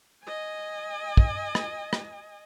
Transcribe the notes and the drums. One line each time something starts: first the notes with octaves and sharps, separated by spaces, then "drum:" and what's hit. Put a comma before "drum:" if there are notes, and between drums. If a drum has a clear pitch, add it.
D#5 G#5
drum: kick
drum: rim click
drum: rim click